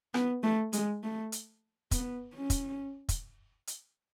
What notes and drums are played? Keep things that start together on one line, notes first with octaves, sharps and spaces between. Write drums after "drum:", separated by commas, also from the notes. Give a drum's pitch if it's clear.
B3, drum: rim click
A3
G#3, drum: hi-hat
A3
drum: hi-hat
B3, drum: kick, hi-hat
C#4
drum: kick, hi-hat
drum: kick, hi-hat
drum: hi-hat